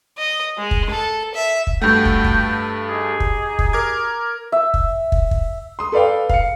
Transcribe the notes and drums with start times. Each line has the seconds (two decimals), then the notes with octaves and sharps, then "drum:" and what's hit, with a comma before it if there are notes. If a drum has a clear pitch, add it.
0.18 D#5
0.58 G#3
0.71 drum: kick
0.90 A4
1.35 E5
1.67 drum: kick
1.82 G2 A3 F#4 F#5 G5
2.05 drum: kick
2.24 drum: kick
2.89 D#4 G4 G#4
3.20 drum: kick
3.59 drum: kick
3.73 A#4 D6 G#6
4.52 E5
4.74 drum: kick
5.12 drum: kick
5.31 drum: kick
5.79 C6 D#6
5.92 A4 B4 D5 F5 G5
6.29 F5 C#7, drum: kick